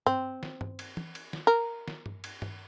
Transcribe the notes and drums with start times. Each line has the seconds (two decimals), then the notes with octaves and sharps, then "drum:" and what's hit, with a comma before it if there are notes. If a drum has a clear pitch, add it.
0.06 C4, drum: tom G2
0.43 drum: snare
0.61 drum: tom G2
0.79 drum: cymbal
0.97 drum: tom
1.15 drum: cymbal
1.33 drum: snare
1.47 A#4
1.88 drum: snare
2.06 drum: tom G2
2.24 drum: cymbal
2.42 drum: tom G2